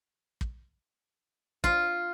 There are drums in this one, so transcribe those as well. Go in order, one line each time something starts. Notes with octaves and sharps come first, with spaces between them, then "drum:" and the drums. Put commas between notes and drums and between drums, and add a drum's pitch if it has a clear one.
drum: kick
F4, drum: kick